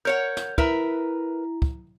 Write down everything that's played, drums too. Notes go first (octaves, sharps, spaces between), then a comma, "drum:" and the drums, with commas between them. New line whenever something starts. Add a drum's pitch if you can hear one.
A#4 C#5 F#5 G6
drum: snare
E4 A#4 B4 E5 A#5, drum: kick
drum: kick